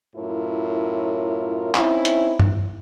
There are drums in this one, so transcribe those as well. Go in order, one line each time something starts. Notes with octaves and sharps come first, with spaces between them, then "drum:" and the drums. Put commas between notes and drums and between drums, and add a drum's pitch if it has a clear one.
F#2 A2 E4 F4 A#4
C4 C#4 D#4 E4, drum: clap
drum: hi-hat
drum: tom G2